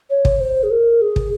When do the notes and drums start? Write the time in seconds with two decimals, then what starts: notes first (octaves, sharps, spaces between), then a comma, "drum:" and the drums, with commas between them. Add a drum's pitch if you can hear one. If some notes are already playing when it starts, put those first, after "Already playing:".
0.10 C#5
0.25 drum: kick
0.40 C5
0.63 G#4
0.71 A#4
1.01 G#4
1.16 drum: kick